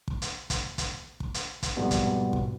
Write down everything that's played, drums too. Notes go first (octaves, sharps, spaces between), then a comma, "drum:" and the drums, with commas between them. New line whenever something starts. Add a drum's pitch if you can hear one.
drum: kick
drum: hi-hat
drum: kick, hi-hat
drum: kick, hi-hat
drum: kick
drum: hi-hat
drum: kick, hi-hat
F2 G#2 B2 G3 B3
drum: kick, hi-hat
drum: kick